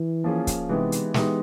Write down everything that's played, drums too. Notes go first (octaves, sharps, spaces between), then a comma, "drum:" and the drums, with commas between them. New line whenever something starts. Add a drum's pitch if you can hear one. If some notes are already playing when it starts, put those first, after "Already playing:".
Already playing: E3
F3 A#3 C#4 F4 G#4
drum: kick, hi-hat
C3 E3 G#3 B3 D#4 G4
drum: hi-hat
E3 G#3 B3 D#4 G4, drum: snare